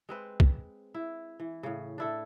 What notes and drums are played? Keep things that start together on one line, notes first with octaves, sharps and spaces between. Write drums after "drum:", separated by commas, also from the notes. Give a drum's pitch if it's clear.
G#3 C4 B4
drum: kick
E4
E3
A2 C#3
D4 E4 A4